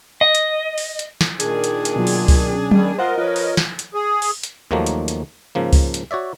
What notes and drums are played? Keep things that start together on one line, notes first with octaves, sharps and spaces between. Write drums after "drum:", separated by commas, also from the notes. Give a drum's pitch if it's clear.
D#5
drum: hi-hat
drum: open hi-hat
drum: hi-hat
drum: snare
A#2 D#3 D4 G#4, drum: hi-hat
drum: hi-hat
drum: hi-hat
B2 F#3 F4
drum: open hi-hat
drum: kick C#2, open hi-hat
C#4
D#3 G3, drum: tom F#3
F4 A#4 C5 D#5 F#5
F3 F4 B4 C#5
drum: open hi-hat
drum: snare
drum: hi-hat
G#4
drum: open hi-hat
drum: hi-hat
D#2 D#3 F3 F#3 A3 A#3
drum: hi-hat
drum: hi-hat
G#2 C#3 F3 A#3
drum: kick C#2, open hi-hat
drum: hi-hat
F#4 C#5 D5 E5